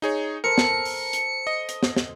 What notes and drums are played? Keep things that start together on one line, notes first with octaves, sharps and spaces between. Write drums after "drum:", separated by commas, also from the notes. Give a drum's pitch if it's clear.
D#4 G#4 C#5
A4 A#4 C5 C#7
drum: snare
drum: open hi-hat
drum: hi-hat
D#5
drum: hi-hat
drum: snare
drum: snare